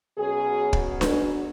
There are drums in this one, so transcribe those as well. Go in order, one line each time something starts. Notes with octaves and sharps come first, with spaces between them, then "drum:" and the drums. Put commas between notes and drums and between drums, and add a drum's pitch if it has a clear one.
B2 F#3 C#4 G#4
drum: kick
B4, drum: snare D4